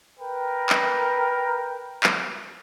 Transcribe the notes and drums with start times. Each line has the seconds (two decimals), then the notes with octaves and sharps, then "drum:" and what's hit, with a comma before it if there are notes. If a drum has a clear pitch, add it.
0.19 A#4 B4 G5
0.70 drum: clap
2.04 drum: clap